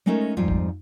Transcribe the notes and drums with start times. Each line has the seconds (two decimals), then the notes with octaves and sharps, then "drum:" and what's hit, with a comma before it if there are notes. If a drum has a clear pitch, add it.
0.06 G#3 A3 C#4 D#4 A4 A#4
0.37 F2 G#2 G3 F4
0.48 drum: kick